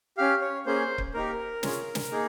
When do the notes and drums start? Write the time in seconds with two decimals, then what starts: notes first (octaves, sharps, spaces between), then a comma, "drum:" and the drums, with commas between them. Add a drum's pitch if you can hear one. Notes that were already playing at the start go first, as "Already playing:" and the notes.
0.17 C#4 G4 F5
0.42 C#5
0.66 A#3 C#4 G#4 C5
0.98 drum: kick C#1
1.14 A#3 D#4 G4 A#4
1.63 C#4 F4 G#4, drum: snare
1.95 drum: snare
2.11 A#3 D#4 G#4